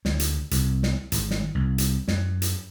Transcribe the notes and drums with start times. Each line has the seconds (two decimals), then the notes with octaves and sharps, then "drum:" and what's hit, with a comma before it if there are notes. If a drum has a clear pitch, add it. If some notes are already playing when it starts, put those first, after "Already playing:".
0.05 D2, drum: snare
0.20 drum: hi-hat
0.51 C2, drum: hi-hat
0.83 drum: snare
1.12 G#1, drum: hi-hat
1.31 drum: snare
1.55 C2
1.78 drum: hi-hat
2.08 F#2, drum: snare
2.42 drum: hi-hat